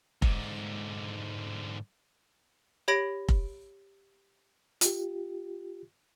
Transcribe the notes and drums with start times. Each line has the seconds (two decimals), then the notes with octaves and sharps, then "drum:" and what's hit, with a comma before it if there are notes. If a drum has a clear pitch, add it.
0.22 G#2 D3, drum: kick F1
2.88 G4 C#5 B5 G#6 A#6 D7
3.29 drum: kick F1
4.81 F4 G4, drum: hi-hat